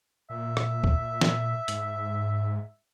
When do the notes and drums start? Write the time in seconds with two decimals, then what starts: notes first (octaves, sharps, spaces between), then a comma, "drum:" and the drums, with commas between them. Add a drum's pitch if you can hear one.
0.30 A#2 E5
0.57 drum: rim click
0.84 drum: kick C#2
1.21 drum: snare
1.68 G#2, drum: hi-hat